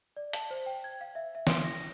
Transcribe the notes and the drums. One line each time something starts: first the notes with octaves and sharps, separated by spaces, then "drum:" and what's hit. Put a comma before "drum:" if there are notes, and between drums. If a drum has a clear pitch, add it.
D5
A5, drum: hi-hat
C5
G5
G#6
F5
E5
E5
C6, drum: snare
A#6